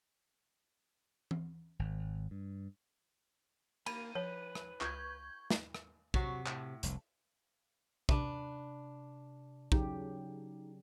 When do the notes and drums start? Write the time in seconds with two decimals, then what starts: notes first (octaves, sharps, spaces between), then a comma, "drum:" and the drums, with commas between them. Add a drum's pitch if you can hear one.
1.31 drum: tom E3
1.79 G#1
2.31 G2
3.86 A#3 B5 D#7, drum: cymbal
4.15 F3 B4 C#5
4.55 drum: rim click
4.81 C#2 C#6 G6 G#6, drum: clap
5.50 drum: snare
5.75 drum: rim click
6.14 C3 F#3 F#4, drum: kick
6.46 A2, drum: clap
6.83 F1 C2, drum: hi-hat
8.09 C3 D4 B4, drum: kick
9.72 C#3 F#3 D#4 G4, drum: kick